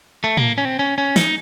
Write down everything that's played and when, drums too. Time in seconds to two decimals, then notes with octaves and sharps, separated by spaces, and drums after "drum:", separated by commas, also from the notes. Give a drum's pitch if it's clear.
0.24 A3
0.37 A#3, drum: tom A2
0.58 C#4
0.65 C4
0.79 C#4
0.98 C#4
1.16 D#4, drum: snare